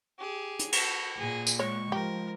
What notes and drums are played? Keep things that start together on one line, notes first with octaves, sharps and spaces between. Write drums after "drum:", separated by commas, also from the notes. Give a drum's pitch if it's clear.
G4 G#4
drum: hi-hat
F#4 A4, drum: cymbal
A#2 G#4
drum: tambourine
G#3 C#5 C#6
F3 G4 A#4